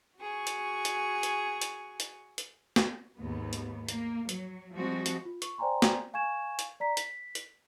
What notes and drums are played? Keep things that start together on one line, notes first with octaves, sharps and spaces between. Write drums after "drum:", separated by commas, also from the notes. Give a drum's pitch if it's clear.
F#4 G#4 C#6
drum: hi-hat
drum: hi-hat
drum: hi-hat
drum: hi-hat
drum: hi-hat
drum: hi-hat
drum: snare
D#2 G#2 B3
drum: hi-hat
A#3, drum: hi-hat
F#3, drum: hi-hat
F3 G3 G#3 C4 F#4
drum: hi-hat
F4
C#6, drum: hi-hat
C5 D5 G5 G#5 A#5 C6
drum: snare
F5 G#5 C#6 G#6 E7
drum: hi-hat
D5 A#5 B6
B6, drum: hi-hat
drum: hi-hat